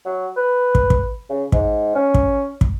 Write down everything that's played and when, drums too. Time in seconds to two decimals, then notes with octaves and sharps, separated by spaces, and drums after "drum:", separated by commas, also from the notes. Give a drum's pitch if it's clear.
0.05 F#3
0.36 B4
0.75 drum: kick
0.90 drum: kick
1.29 C#3
1.52 G#2, drum: kick
1.95 C#4
2.14 drum: kick
2.61 drum: kick